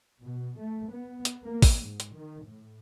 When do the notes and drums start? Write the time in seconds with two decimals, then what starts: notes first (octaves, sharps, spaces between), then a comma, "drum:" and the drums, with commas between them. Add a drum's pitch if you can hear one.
0.22 B2
0.59 A3
0.93 B3
1.25 drum: hi-hat
1.44 A#3
1.62 drum: kick, open hi-hat
1.79 G#2
2.00 drum: hi-hat
2.14 D#3
2.45 A2